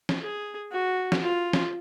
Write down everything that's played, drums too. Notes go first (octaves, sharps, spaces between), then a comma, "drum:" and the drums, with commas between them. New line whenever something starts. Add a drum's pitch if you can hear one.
drum: snare
G#4
F#4
drum: snare
F4
drum: snare